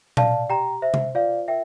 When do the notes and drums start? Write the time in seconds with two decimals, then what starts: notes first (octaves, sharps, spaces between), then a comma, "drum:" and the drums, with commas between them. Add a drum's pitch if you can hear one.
0.17 D5 F5 A5, drum: tom A#2
0.50 G4 G5 A#5
0.82 C5 E5
0.94 drum: tom C3
1.15 F4 D5 F5
1.48 A#4 E5 G5